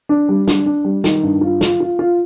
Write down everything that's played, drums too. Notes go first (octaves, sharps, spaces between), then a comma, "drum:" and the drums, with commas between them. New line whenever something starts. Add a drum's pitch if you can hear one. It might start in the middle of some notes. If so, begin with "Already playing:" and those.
D4
G3
D4, drum: snare
D4
G3
D#3, drum: snare
G2
F4
F4, drum: snare
F4
F4